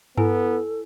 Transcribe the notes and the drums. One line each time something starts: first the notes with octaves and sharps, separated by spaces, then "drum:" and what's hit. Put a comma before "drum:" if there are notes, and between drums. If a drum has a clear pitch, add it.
B3 E4 A4 B4 G#5, drum: tom G2